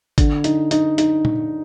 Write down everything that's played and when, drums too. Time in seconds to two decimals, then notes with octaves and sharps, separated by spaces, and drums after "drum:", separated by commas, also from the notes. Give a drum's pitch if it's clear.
0.18 D3, drum: kick G#1, hi-hat
0.44 D#4, drum: hi-hat
0.71 D#4, drum: hi-hat
0.98 D#4, drum: hi-hat
1.25 drum: tom A#2